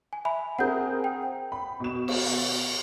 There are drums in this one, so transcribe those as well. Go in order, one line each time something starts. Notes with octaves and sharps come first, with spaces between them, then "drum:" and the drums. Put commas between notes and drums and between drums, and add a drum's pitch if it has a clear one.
G#5
E5 G#5 B5
C4 G#4 A#4 F#5 G6
G5
B5
B2 E7
drum: cymbal